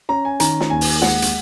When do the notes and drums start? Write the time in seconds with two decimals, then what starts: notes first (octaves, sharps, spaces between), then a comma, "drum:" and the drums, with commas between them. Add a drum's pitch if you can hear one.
0.09 C#4 A#5
0.25 G#5
0.40 D#3 A#5, drum: hi-hat
0.60 drum: snare
0.70 D#2 G#5
0.81 drum: open hi-hat
1.02 G#3 F#5, drum: snare
1.22 drum: hi-hat